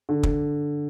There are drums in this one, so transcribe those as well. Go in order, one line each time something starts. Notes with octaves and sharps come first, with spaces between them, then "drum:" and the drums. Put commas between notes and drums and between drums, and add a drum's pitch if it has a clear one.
D3
drum: kick